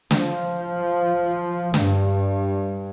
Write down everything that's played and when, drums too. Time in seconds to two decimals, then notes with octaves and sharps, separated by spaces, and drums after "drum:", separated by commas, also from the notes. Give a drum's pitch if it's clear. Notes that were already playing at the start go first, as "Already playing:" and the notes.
0.11 F3, drum: snare
1.74 G2, drum: snare